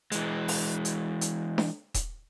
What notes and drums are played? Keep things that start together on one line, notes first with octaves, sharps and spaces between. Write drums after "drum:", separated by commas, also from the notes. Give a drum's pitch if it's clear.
E3 G#3, drum: hi-hat
drum: open hi-hat
drum: hi-hat
drum: hi-hat
drum: snare D4
drum: kick D#1, hi-hat